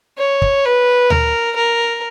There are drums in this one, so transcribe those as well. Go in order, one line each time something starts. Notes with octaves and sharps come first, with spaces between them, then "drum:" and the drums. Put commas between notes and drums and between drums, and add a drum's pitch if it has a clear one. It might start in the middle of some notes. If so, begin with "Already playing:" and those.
C#5
drum: kick
B4
A#4, drum: tom D2
A#4